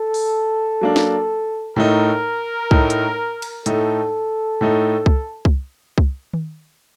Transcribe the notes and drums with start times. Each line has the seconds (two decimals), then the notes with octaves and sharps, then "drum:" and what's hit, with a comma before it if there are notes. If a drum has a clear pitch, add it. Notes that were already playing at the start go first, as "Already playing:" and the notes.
Already playing: A4
0.14 drum: open hi-hat
0.81 F#3 A#3 D4
0.96 drum: snare
1.76 A2 A3 D#4 A#4
2.71 A2 A3 D#4, drum: kick C2
2.90 drum: hi-hat
3.42 drum: cymbal
3.66 A2 A3 D#4 A4, drum: hi-hat
4.61 A2 A3 D#4
5.06 drum: kick C2
5.45 drum: kick C2
5.98 drum: kick C2
6.34 drum: tom D#3